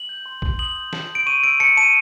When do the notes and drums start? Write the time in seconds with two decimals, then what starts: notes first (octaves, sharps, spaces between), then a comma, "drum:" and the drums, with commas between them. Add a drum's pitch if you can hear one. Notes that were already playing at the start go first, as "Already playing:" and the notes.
Already playing: F#7
0.09 G6
0.26 C6
0.42 C6, drum: kick A#1
0.59 D#6 F#7
0.76 G6
0.93 A5, drum: snare
1.10 G6
1.15 D7
1.26 C#6 D#7
1.43 E6 D7
1.60 A5 C#7
1.77 A5 D#7